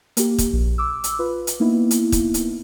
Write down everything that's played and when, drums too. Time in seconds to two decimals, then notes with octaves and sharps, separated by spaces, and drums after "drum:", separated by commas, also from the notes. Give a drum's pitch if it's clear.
0.17 A#3 G4, drum: hi-hat
0.38 drum: kick, hi-hat
0.53 A#1
0.78 D6 E6
1.04 drum: hi-hat
1.19 F4 B4
1.47 drum: hi-hat
1.60 A#3 B3 D#4 E4
1.91 drum: hi-hat
2.12 drum: kick, hi-hat
2.34 drum: hi-hat